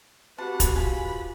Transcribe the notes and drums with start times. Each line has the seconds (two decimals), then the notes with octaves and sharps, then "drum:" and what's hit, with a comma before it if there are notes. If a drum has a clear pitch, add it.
0.38 C4 F#4 G4 B4 F#5 A5
0.60 drum: kick, hi-hat
0.76 F4 G#4 B5